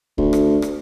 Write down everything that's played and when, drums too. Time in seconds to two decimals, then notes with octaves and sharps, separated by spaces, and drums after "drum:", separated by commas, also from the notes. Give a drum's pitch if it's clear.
0.18 D2, drum: kick
0.33 drum: rim click
0.62 drum: rim click